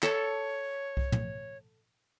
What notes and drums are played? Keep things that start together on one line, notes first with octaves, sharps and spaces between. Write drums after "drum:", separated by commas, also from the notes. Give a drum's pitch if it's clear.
A4 C#5, drum: clap
drum: kick C2
drum: tom